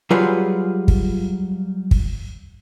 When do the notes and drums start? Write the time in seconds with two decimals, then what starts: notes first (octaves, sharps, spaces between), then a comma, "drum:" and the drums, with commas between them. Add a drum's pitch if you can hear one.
0.10 F#3 G3 F4 G#4 B4 C#5
0.88 drum: kick
1.91 drum: kick